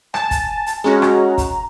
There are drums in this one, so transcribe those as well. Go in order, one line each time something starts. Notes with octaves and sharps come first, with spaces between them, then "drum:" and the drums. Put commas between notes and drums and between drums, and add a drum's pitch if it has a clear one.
G#5 A5, drum: rim click
drum: kick, hi-hat
drum: hi-hat
G#3 C#4 F#4 A#5
drum: rim click
drum: kick, hi-hat